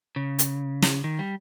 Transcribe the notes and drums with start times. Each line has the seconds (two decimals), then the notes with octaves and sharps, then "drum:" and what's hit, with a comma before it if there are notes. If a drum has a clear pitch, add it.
0.16 C#3
0.39 drum: hi-hat
0.82 drum: snare
1.04 D#3
1.19 G3